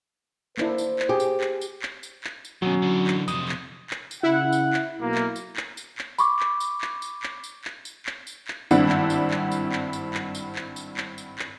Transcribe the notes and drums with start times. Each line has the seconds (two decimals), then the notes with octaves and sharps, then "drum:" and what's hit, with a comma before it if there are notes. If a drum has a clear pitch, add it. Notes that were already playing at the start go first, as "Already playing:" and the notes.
0.58 A#3 D4 E4 C5, drum: clap
0.78 drum: tambourine
0.99 drum: clap
1.09 G4 G#4
1.20 drum: tambourine
1.41 drum: clap
1.61 drum: tambourine
1.82 drum: clap
2.03 drum: tambourine
2.24 drum: clap
2.45 drum: tambourine
2.62 D#2 B2 F#3 C#4
2.82 D3 E3
3.07 drum: clap
3.28 F2 C3 D#6, drum: tambourine
3.49 drum: clap
3.90 drum: clap
4.11 drum: tambourine
4.23 C#3 E4 F#5
4.53 drum: tambourine
4.73 drum: clap
5.00 B1 A#3
5.15 drum: clap
5.36 drum: tambourine
5.56 drum: clap
5.77 drum: tambourine
5.98 drum: clap
6.18 B5 C#6 D6, drum: tambourine
6.40 drum: clap
6.60 drum: tambourine
6.81 drum: clap
7.02 drum: tambourine
7.23 drum: clap
7.44 drum: tambourine
7.64 drum: clap
7.85 drum: tambourine
8.06 drum: clap
8.27 drum: tambourine
8.48 drum: clap
8.71 G#1 G2 C4 D4 E4 F#5, drum: tambourine
8.89 drum: clap
9.10 drum: tambourine
9.31 drum: clap
9.52 drum: tambourine
9.72 drum: clap
9.93 drum: tambourine
10.14 drum: clap
10.35 drum: tambourine
10.55 drum: clap
10.76 drum: tambourine
10.97 drum: clap
11.18 drum: tambourine
11.39 drum: clap